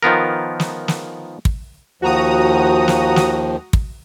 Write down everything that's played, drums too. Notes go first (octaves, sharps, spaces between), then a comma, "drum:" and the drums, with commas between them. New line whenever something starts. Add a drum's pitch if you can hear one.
D#3 F3 B3 A#4
drum: snare
drum: snare
drum: kick
D#2 F3 F#4 A#5 D#6
drum: snare
drum: snare
drum: kick